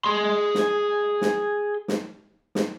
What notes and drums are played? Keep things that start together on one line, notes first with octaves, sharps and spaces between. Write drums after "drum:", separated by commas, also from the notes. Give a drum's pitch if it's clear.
G#4 C6
drum: snare
drum: snare
drum: snare
drum: snare